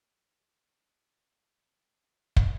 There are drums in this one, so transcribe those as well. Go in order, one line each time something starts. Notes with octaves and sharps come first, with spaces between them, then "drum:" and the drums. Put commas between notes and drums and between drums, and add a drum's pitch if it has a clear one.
E3 B3 A#4 D#5
drum: kick